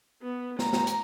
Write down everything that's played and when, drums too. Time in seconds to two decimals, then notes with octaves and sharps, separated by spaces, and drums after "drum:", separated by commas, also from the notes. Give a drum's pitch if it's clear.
0.22 B3
0.59 A#5, drum: snare
0.73 drum: snare
0.87 drum: hi-hat